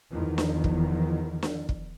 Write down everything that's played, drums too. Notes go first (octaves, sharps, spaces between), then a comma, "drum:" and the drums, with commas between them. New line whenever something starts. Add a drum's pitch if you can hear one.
E2 D#3 F3
drum: snare
drum: kick
drum: snare
drum: kick